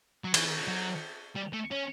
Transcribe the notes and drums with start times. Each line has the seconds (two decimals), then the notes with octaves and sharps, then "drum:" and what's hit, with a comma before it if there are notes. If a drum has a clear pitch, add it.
0.24 F#3
0.34 E3, drum: cymbal
0.68 F#3
1.36 G3
1.53 A3
1.71 C#4